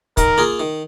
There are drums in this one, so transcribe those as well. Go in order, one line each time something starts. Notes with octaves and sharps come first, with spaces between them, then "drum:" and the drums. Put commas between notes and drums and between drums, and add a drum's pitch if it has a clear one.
D#3 A#4, drum: kick, hi-hat
A#3 F4 G#4
D#3